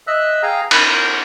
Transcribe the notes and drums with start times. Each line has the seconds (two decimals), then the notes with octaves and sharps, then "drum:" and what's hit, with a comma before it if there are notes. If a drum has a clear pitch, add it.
0.07 D#5 E5 E6 F#6
0.43 G#4 F5 G5 G#5 A#5
0.71 A#4 B5, drum: cymbal
0.88 A#4